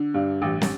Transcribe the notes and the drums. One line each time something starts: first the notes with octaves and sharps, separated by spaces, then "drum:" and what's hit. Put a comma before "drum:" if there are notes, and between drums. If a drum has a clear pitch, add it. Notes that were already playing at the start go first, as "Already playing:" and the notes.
Already playing: D3
G2
A1
drum: snare